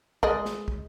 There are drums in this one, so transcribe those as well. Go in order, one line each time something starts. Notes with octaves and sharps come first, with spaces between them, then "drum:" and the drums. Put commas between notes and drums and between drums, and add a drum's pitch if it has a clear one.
G#3 D5 D#5, drum: kick
drum: snare
drum: kick